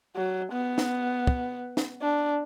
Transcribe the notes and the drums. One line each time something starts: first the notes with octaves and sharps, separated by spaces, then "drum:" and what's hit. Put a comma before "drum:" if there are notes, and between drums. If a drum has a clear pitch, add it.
F#3
B3
drum: snare
drum: kick
drum: snare
D4